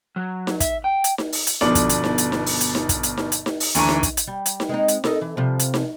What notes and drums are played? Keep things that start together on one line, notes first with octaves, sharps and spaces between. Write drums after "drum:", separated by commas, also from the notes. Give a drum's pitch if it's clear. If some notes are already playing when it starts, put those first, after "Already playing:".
F#3
drum: snare D#4
E5, drum: kick, hi-hat
G5
drum: hi-hat
drum: snare D#4
drum: open hi-hat
drum: hi-hat
G1 B2 D3 F3 D5 F#7, drum: snare D#4
drum: kick, hi-hat
drum: hi-hat
drum: snare D#4
drum: hi-hat
drum: snare D#4
drum: open hi-hat
drum: hi-hat
drum: snare D#4
drum: kick, hi-hat
drum: hi-hat
drum: snare D#4
drum: hi-hat
drum: snare D#4
drum: open hi-hat
D2 E3 D4 A#5 C#6 D#7, drum: hi-hat
drum: snare D#4
drum: kick, hi-hat
drum: hi-hat
G3
drum: hi-hat
drum: snare D#4
G#3 C4 D#4
drum: hi-hat
A4 A#4 D#5, drum: snare D#4
E3
C3 F3 G3
drum: hi-hat
drum: snare D#4